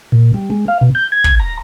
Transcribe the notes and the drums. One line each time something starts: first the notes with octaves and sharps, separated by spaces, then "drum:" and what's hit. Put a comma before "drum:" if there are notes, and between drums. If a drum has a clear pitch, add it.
A#2
G3
G#3
F5
B2
G6
G#6
drum: kick
A#5